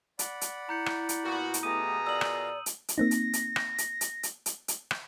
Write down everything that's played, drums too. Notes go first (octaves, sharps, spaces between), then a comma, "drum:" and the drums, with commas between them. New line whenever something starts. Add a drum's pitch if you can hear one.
D5 F#5 B5, drum: hi-hat
drum: hi-hat
E4 A#5 G6 C#7
drum: rim click
drum: hi-hat
A#2 B3 F#4
drum: hi-hat
B2 A3 B3 G4 G#4 A#5 D#6 D#7
F4 A#4 D5 F5 E6 F#7
drum: rim click
drum: hi-hat
drum: hi-hat
A#3 C4 D#4 A#6
drum: hi-hat
drum: hi-hat
drum: rim click
drum: hi-hat
drum: hi-hat
drum: hi-hat
drum: hi-hat
drum: hi-hat
drum: rim click